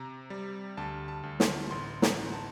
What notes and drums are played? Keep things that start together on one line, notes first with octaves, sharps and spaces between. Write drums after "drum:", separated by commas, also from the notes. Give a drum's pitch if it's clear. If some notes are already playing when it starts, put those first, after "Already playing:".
Already playing: C3 A#5
G3
D2 A5
A5
D2
C6, drum: snare
A1 C6
A#5, drum: snare
A1
A5